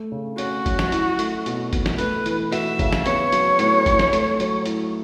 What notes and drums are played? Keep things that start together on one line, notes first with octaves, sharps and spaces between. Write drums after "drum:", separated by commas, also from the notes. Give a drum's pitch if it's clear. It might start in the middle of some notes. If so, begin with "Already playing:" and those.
Already playing: A3
C#3
C#4 F#4, drum: hi-hat
F#2, drum: kick G1, hi-hat
drum: snare
E4, drum: hi-hat
A3, drum: hi-hat
B2, drum: hi-hat
B2, drum: kick G1, hi-hat
drum: snare
A3 B4, drum: hi-hat
E3, drum: hi-hat
F#4 E5, drum: hi-hat
C#3, drum: kick G1, hi-hat
drum: snare
B3 C#5, drum: hi-hat
F#3, drum: hi-hat
A2, drum: hi-hat
A2, drum: kick G1, hi-hat
drum: snare
A3, drum: hi-hat
F#3, drum: hi-hat
E4, drum: hi-hat